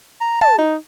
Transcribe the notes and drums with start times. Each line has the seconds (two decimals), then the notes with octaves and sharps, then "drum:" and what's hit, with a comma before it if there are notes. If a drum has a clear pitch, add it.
0.21 A#5
0.41 A5, drum: tom
0.58 D#4